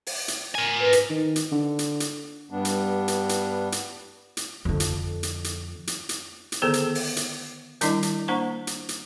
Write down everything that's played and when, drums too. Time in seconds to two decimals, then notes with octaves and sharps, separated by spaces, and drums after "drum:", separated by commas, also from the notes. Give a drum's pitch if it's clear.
0.07 drum: open hi-hat
0.28 drum: hi-hat
0.55 A#4 G#5
0.81 B4
0.93 drum: hi-hat
1.10 D#3
1.36 drum: hi-hat
1.52 D3
1.79 drum: hi-hat
2.00 drum: hi-hat
2.51 G2 G3 B3 D4
2.65 drum: hi-hat
3.08 drum: hi-hat
3.29 drum: hi-hat
3.72 drum: hi-hat
4.37 drum: hi-hat
4.65 F2 D3
4.80 drum: hi-hat
5.23 drum: hi-hat
5.44 drum: hi-hat
5.87 drum: hi-hat
6.09 drum: hi-hat
6.52 drum: hi-hat
6.62 D3 D#3 B3 G#4 A4 C5
6.73 drum: hi-hat
6.95 drum: open hi-hat
7.16 drum: hi-hat
7.81 D#3 G3 D4 E4 D#5, drum: hi-hat
8.03 drum: hi-hat
8.28 A#3 D4 C5 A#5 C#6
8.67 drum: hi-hat
8.89 drum: hi-hat